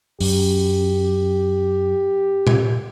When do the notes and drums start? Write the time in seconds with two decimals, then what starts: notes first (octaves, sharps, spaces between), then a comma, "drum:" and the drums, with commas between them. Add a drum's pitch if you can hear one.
0.20 F#2 G4, drum: open hi-hat
2.47 drum: tom A#2